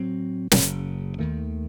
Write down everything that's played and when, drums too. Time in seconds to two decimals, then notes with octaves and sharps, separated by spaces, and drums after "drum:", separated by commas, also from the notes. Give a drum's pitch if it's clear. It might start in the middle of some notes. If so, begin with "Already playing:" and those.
Already playing: A2 F#3 C4
0.51 F#1 F#2 C#3, drum: snare
1.19 D#2 D#3 A3